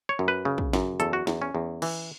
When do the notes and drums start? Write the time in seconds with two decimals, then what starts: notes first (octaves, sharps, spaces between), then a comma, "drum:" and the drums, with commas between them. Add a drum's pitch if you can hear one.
0.09 C#5
0.19 F#2
0.28 B4
0.45 C#3
0.58 drum: kick
0.73 F#2, drum: snare
1.00 E2 A4, drum: hi-hat
1.13 F#4
1.27 E2, drum: snare
1.42 C#4
1.55 E2
1.82 E3, drum: cymbal